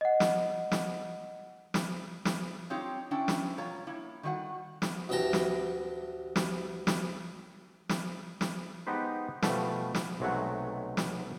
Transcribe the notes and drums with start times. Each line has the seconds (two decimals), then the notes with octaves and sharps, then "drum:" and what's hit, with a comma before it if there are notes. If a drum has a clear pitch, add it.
0.01 D#5 F#5
0.20 drum: snare
0.72 drum: snare
1.74 drum: snare
2.25 drum: snare
2.70 C4 D#4 F4 G4 C#5
3.11 C#4 D4 E4 G5 A5
3.28 drum: snare
3.58 B2 F4 C#5 A#5
3.87 A#3 E4
4.23 D#3 G3 F#4 D#5 F#5
4.82 drum: snare
5.09 A1 D2 E3 G5 A5 A#5
5.33 drum: snare
6.36 drum: snare
6.87 drum: snare
7.89 drum: snare
8.41 drum: snare
8.87 G#3 B3 D#4 G4 B4 C5
9.42 B2 F3 G3 A3, drum: snare
9.95 drum: snare
10.20 B1 C3 F#3 G#3 A3 F#5
10.97 drum: snare